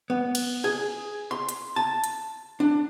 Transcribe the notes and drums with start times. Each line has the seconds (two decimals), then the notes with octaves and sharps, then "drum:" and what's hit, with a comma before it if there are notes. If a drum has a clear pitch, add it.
0.10 B3
0.35 drum: cymbal
0.64 G#4
1.31 C6
1.49 drum: hi-hat
1.76 A5
2.04 drum: hi-hat
2.60 D4